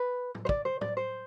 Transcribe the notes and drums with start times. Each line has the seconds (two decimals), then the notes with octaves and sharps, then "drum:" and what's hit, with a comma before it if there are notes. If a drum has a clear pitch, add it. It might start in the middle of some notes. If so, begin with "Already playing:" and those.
Already playing: B4
0.35 drum: tom
0.45 C5
0.49 D5, drum: kick
0.65 C5
0.81 D5, drum: tom
0.97 C5